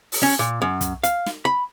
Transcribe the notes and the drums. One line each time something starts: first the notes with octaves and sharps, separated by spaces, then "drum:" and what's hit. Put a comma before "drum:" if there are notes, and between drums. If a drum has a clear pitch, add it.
drum: open hi-hat
C#4
A#2
F#2
drum: kick, hi-hat
F5, drum: hi-hat
drum: snare
B5